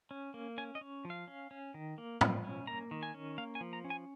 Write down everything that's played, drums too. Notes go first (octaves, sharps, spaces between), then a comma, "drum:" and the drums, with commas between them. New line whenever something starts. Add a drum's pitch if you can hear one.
C#4
A#3
C#4 G#5
D#5
C#4
F3
F5
C#4
C#4
D#3
A#3
F3, drum: tom
C#4
A#3 A#5
D#3
G#5
C#4
A#3 F5
G#5
F3
A#5
C#4
G#5